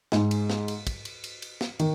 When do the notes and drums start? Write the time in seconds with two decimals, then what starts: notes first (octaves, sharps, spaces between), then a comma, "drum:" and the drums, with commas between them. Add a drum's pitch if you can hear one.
0.12 G#2 G#3, drum: snare
0.31 drum: cymbal
0.50 drum: snare
0.68 drum: cymbal
0.87 drum: kick, cymbal
1.05 drum: cymbal
1.24 drum: cymbal
1.42 drum: cymbal
1.61 drum: snare
1.79 D#3, drum: cymbal